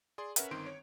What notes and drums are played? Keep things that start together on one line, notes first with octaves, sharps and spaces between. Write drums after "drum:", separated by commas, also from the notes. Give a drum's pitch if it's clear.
G#4 D5 C6
C#4 A#4 B4 E5 F#5, drum: hi-hat
G1 D#3 C4 C6 D7
C#5